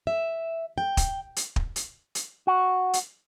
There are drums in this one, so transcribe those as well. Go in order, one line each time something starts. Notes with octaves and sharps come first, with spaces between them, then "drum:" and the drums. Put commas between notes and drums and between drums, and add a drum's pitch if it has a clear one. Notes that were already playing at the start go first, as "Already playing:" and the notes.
E5
G5
drum: kick, hi-hat
drum: hi-hat
drum: kick
drum: hi-hat
drum: hi-hat
F#4
drum: hi-hat